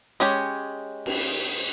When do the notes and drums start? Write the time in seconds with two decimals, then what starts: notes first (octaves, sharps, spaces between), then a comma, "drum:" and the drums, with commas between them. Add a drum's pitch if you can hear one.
0.20 G#3 C#4 G4 C#5
1.06 drum: cymbal